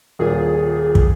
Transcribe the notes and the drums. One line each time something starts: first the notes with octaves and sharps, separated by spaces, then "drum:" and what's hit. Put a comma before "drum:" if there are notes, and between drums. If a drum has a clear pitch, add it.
D#1 A#2 G#4
drum: kick